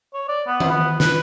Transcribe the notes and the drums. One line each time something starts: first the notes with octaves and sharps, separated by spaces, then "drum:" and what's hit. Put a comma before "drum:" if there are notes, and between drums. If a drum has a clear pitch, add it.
C#5
D5
B3
drum: tom D#3
B3
B4, drum: snare